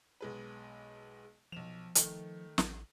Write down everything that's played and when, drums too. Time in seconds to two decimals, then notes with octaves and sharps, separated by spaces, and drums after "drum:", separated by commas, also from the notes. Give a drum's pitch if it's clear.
0.21 B1 G#3 B4
1.52 B1 F3 E7 F7
1.95 D#3 A3, drum: hi-hat
2.58 A1, drum: snare